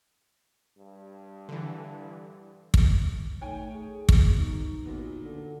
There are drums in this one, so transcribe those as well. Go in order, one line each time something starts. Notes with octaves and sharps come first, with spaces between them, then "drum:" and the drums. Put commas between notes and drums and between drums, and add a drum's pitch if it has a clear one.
G2
D3 E3
drum: kick
A3 D#4 C#5 G5 G#5
G#4
B2 C#6, drum: kick
D#4
D#2 A#2 F#3 B3
D3